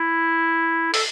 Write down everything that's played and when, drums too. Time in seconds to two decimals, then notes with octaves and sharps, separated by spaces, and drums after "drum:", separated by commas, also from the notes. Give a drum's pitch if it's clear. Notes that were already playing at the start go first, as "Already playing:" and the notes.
Already playing: E4
0.94 A4, drum: open hi-hat